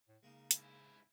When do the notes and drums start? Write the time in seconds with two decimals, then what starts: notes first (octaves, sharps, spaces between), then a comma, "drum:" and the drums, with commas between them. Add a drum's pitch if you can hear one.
0.08 A2
0.23 C#3 G#3 A#3 D#4
0.51 G#2 E4, drum: hi-hat